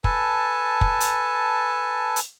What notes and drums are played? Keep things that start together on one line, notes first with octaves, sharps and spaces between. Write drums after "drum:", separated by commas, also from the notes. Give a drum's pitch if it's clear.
A4 B4 G#5 A5, drum: kick
drum: kick
drum: hi-hat
drum: hi-hat